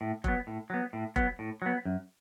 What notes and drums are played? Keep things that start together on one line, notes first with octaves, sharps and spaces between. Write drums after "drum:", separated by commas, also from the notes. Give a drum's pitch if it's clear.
A2
F#3 B3, drum: kick F1
A2
F#3 B3
A2
F#3 B3, drum: kick F1
A2
F#3 B3
F#2